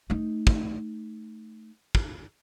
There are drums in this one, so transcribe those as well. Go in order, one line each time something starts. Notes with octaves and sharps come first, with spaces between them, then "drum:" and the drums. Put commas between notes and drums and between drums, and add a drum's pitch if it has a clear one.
A3 D#4
drum: kick
drum: kick